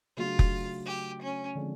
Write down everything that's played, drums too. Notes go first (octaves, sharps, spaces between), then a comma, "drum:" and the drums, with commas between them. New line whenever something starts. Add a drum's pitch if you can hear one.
C#3 F#3 A3 D4 F4 F#4
drum: kick F1
G4
C#4
D3 F3 G#3 C4